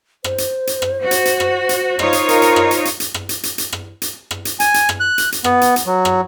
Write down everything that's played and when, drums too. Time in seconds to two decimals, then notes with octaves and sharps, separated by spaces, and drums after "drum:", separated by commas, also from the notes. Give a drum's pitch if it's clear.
0.24 C5, drum: rim click
0.38 drum: hi-hat
0.67 drum: hi-hat
0.82 drum: rim click
1.02 F#4
1.11 drum: hi-hat
1.25 drum: hi-hat
1.40 drum: rim click
1.69 drum: hi-hat
1.99 D#4 F4 C#5, drum: rim click
2.13 drum: hi-hat
2.29 A#4, drum: hi-hat
2.42 drum: hi-hat
2.56 drum: rim click
2.71 drum: hi-hat
2.85 drum: hi-hat
3.00 drum: hi-hat
3.14 drum: rim click
3.29 drum: hi-hat
3.43 drum: hi-hat
3.58 drum: hi-hat
3.73 drum: rim click
4.02 drum: hi-hat
4.31 drum: rim click
4.45 drum: hi-hat
4.60 G#5, drum: hi-hat
4.74 drum: hi-hat
4.89 drum: rim click
5.00 F#6
5.18 drum: hi-hat
5.32 drum: hi-hat
5.44 B3, drum: rim click
5.61 drum: hi-hat
5.76 drum: hi-hat
5.86 F#3
6.05 drum: rim click